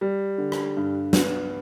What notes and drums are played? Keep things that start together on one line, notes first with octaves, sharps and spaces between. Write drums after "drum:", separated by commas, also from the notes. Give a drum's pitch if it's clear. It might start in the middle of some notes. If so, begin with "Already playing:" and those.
G3
D3
drum: rim click
G2
B3, drum: snare